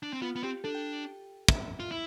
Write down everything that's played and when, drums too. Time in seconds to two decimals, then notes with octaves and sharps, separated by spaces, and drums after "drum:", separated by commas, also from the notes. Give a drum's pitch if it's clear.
0.03 D4
0.13 C4
0.22 B3 F4
0.36 B3
0.43 C4 G4
0.64 D4 A4
0.75 G5
1.48 E5, drum: kick
1.80 F4
1.91 E4